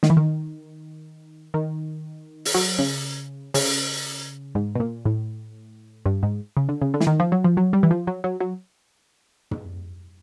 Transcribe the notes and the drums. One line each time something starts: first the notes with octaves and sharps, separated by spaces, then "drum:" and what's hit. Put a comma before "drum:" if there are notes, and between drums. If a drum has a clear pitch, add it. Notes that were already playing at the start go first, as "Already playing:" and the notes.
D#3, drum: snare
E3
D#3
D#3
drum: open hi-hat
F#3
C#3
C#3, drum: open hi-hat
G#2
B2
A#2
A2
G2
G#2
C#3
D3
C#3
D3
E3, drum: snare
D#3
F3
F#3
F3
F#3
G3
E3
F3
F#3
F#3
F#3
drum: tom